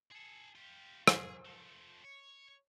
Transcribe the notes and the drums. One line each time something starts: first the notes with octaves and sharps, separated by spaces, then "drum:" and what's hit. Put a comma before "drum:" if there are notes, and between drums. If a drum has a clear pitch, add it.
G#4 A4
F4 G4
G#4, drum: rim click
F3 A3
C#5